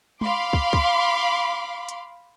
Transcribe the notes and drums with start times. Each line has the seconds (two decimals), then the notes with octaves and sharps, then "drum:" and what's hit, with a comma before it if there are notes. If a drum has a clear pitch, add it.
0.21 F5 B5 C6 D6, drum: tom
0.53 drum: kick
0.73 drum: kick
1.89 drum: hi-hat